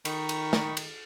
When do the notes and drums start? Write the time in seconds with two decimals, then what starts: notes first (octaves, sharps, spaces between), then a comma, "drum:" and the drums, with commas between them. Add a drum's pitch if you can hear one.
0.05 D#3 D#4 B5 C#6, drum: cymbal
0.29 drum: cymbal
0.53 drum: snare
0.77 drum: cymbal